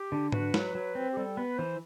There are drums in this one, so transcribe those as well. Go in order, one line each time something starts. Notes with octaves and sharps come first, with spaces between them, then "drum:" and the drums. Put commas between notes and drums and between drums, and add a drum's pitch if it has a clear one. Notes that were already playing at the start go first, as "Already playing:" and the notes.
Already playing: G4
D3
F#4 B4, drum: tom G#2
F#3, drum: snare
F#3
C4
G4
G3 A4
B3 B4
E3 C5